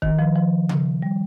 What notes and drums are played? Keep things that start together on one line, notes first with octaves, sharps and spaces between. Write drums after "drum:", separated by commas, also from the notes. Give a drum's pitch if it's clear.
D#3, drum: kick
F3
F3
drum: tom C#3
G3